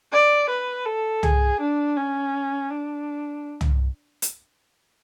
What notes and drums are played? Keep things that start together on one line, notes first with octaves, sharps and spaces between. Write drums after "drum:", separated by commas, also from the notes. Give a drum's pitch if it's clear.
D5
B4
A4
G#4, drum: tom
D4
C#4
D4
drum: tom
drum: hi-hat